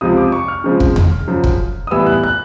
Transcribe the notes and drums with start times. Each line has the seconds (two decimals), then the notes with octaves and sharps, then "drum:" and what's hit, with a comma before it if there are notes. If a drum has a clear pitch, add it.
0.01 C#2 C3 F3 D#6
0.17 D6
0.32 C#6
0.48 F6
0.64 C#3 F3 G#3 C4
0.80 drum: kick
0.96 drum: tom E2
1.28 F#2 C#3 F3
1.44 drum: kick
1.87 D#6
1.91 A2 E3 G3 B3 E4 E6
2.07 F#6
2.23 F#6